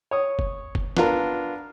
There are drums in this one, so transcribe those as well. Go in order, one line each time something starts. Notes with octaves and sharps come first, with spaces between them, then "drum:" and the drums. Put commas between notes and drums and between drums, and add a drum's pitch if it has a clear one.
C#5 D#6
drum: kick
drum: kick
B3 D4 F4 A#4, drum: snare